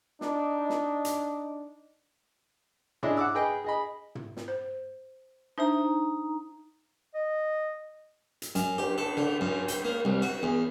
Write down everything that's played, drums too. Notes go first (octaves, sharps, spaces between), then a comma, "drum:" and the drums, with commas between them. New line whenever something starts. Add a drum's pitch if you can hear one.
D4 D#4, drum: snare
drum: snare
drum: hi-hat
C#4 D4 E4 G#4 D#5, drum: tom
F#5 D6 E6
G#4 B4 D#5 G5
G#4 D#5 B5
drum: tom
drum: snare
C5
D4 D#4 C5 E5 A#5
D#5
drum: hi-hat
F#2, drum: hi-hat
G4, drum: cymbal
A4
D3
F#2
G5, drum: hi-hat
A#3
C2
F#4
E2